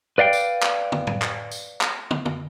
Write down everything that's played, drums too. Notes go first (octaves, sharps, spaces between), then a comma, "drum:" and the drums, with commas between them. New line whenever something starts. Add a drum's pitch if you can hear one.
B4 D5 F5 G5
drum: tambourine
drum: clap
drum: tom
drum: tom
drum: clap
drum: tambourine
drum: clap
drum: tom
drum: tom